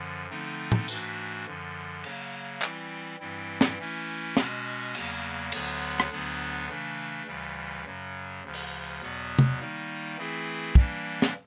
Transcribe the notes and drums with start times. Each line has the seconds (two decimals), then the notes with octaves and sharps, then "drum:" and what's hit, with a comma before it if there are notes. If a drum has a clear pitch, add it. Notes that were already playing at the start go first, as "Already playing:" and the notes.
Already playing: F#2 D3 F3
0.30 D3 F3 A3 C4 D#4
0.72 drum: tom
0.88 G#2 E3 A3 D4 F#4, drum: tambourine
1.46 F#2 D3 F3
2.04 C#3 F#3 A#3, drum: cymbal
2.62 E3 G3 C4 E4, drum: clap
3.20 G2 E3 G3 C4 E4
3.61 drum: snare
3.78 E3 A3 C#4 E4
4.37 B2 G#3 C#4 F#4, drum: snare
4.95 E2 C#3 F#3 A#3, drum: cymbal
5.52 D2 D3 F#3 B3, drum: cymbal
6.00 drum: rim click
6.11 D2 D3 F#3 B3 D4
6.69 C#3 E3 A3 D4
7.27 D2 C#3 E3 G3
7.85 F#2 C#3 F#3
8.42 D2 C#3 F3
8.54 drum: open hi-hat
9.01 E2 B2 F#3 B3
9.39 drum: tom
9.59 D#3 G3 A#3 D#4
10.17 E3 A3 C4 E4 G#4
10.75 E3 G3 A#3 D4, drum: kick
11.22 drum: snare